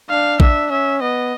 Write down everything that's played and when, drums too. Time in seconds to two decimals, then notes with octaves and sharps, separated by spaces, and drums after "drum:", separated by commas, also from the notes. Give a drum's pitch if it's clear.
0.10 D4 F5
0.40 D4 E5, drum: kick A#1
0.70 C#4 E5
1.01 B3 D#5